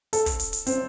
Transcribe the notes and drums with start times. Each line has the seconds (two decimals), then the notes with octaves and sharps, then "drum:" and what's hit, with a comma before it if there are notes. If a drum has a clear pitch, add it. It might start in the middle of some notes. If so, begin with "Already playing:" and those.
0.13 A4, drum: hi-hat
0.26 drum: kick, hi-hat
0.39 drum: hi-hat
0.53 drum: hi-hat
0.67 C4, drum: hi-hat